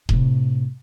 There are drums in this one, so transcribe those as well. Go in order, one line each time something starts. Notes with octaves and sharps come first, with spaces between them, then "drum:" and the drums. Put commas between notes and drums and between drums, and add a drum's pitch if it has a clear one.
A2 C3, drum: kick D#1